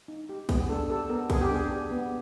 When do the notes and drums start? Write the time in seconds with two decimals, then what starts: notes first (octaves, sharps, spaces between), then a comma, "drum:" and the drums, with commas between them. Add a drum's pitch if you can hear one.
0.08 D#4
0.29 G4
0.49 B3 G#4, drum: kick, cymbal
0.69 D4 A4
0.90 G4 A4
1.10 B3 A#4
1.30 B3 G#4, drum: kick, cymbal
1.42 G4
1.50 D4 G#4
1.71 G4
1.91 B3